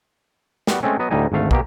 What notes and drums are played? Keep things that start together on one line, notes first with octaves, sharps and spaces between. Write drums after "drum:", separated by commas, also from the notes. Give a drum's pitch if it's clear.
G3 B3 F#4, drum: snare
G#3 A3 C4 C#4
F#3 B3 D#5
D2 A2 G3 D#4 G#5
G#1 D2 A3 F5
B2 A#3 G4, drum: kick